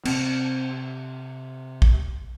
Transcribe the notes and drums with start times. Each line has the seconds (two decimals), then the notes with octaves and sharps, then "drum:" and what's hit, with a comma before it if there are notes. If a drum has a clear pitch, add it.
0.05 C3 C4, drum: cymbal
1.82 drum: kick